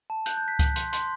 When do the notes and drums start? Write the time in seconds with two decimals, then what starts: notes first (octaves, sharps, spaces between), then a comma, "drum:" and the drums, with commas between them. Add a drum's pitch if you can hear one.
0.10 A5
0.26 F#6 G6, drum: hi-hat
0.37 G6
0.43 F#6
0.48 G6 B6
0.59 F#6, drum: kick C#2, hi-hat
0.76 C6, drum: hi-hat
0.93 C6, drum: hi-hat